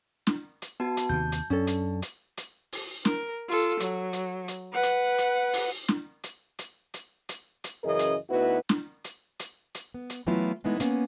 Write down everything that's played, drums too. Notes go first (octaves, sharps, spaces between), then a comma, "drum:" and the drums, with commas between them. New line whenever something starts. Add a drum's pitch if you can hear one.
drum: snare
drum: hi-hat
B3 F#4 A5
drum: hi-hat
D#2 C3 D#3 G6
drum: hi-hat
F#2 C#4 D4 A4
drum: hi-hat
drum: hi-hat
drum: hi-hat
drum: open hi-hat
A#4, drum: snare
F4 A4
F#3, drum: hi-hat
drum: hi-hat
drum: hi-hat
B4 F#5
drum: hi-hat
drum: hi-hat
drum: open hi-hat
drum: snare
drum: hi-hat
drum: hi-hat
drum: hi-hat
drum: hi-hat
drum: hi-hat
F#2 C#3 E3 G#4 A#4 D#5
drum: hi-hat
D2 B3 D#4 E4 F#4 B4
drum: snare
drum: hi-hat
drum: hi-hat
drum: hi-hat
B3
drum: hi-hat
E3 F#3 A3 B3 E4 F4
E3 G#3 A3 B3 D#4 E4
A#3 B3 C#4, drum: hi-hat